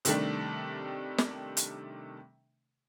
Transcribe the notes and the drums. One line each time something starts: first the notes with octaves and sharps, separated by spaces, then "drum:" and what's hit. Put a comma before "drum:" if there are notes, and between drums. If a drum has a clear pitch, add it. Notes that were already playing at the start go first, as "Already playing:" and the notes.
C3 D#3 G3 A3 D4, drum: hi-hat
drum: snare
drum: hi-hat